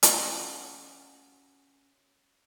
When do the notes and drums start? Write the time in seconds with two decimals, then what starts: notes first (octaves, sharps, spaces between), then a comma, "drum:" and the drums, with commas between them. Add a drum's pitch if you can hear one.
0.03 C#4 F#4 F5, drum: hi-hat